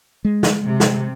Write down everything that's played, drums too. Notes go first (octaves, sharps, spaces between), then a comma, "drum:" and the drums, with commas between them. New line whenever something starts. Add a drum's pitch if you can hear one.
G#3
drum: snare
C3
drum: snare